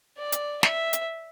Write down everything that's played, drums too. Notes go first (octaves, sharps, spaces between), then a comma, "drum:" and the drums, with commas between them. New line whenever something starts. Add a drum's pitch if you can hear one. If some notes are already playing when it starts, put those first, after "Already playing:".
D5
drum: hi-hat
E5, drum: snare
drum: hi-hat